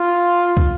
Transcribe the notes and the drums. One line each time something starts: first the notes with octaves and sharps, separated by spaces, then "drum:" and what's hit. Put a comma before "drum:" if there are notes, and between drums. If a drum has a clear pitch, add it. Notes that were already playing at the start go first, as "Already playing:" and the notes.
Already playing: F4
drum: kick